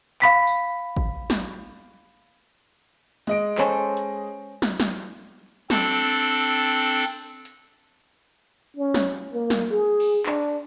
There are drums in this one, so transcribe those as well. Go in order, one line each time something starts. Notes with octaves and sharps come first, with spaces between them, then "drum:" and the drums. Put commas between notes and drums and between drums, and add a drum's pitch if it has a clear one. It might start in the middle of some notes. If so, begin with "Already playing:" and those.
F5 B5 B6, drum: clap
drum: tambourine
drum: kick G#1
drum: snare
G#3 D#5 D7, drum: hi-hat
C#4 A4 C5, drum: clap
drum: hi-hat
drum: snare
drum: snare
C4 D4 A4, drum: snare
drum: hi-hat
drum: cymbal
drum: hi-hat
C#4
drum: snare
A#3
drum: snare
G#4
drum: cymbal
D4, drum: clap